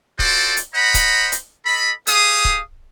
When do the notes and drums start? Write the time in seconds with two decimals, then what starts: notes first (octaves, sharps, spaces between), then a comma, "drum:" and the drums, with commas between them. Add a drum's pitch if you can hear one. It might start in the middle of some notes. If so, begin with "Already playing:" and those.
0.19 F4 F#4 A4 C5 D5, drum: kick C#1
0.57 drum: hi-hat
0.74 C5 D#5 F#5 A#5 B5
0.94 drum: kick C#1, hi-hat
1.32 drum: hi-hat
1.66 A4 D#5 B5
2.07 G4 G#4 F5 D#6, drum: hi-hat
2.45 drum: kick C#1